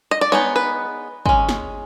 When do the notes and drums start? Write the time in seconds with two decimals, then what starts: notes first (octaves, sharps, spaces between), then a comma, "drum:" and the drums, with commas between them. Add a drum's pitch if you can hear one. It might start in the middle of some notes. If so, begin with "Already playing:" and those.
0.11 D#5
0.21 D5
0.32 G#3 B3 D#4 C#5
0.56 B4
1.26 G#3 C#4, drum: kick
1.49 drum: snare